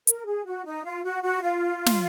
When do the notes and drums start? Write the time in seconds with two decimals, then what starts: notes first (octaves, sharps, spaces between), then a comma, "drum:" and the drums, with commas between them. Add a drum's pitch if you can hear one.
0.07 A#4, drum: hi-hat
0.26 G#4
0.45 F#4
0.65 D#4
0.84 F4
1.04 F#4
1.23 F#4
1.42 F4
1.86 drum: snare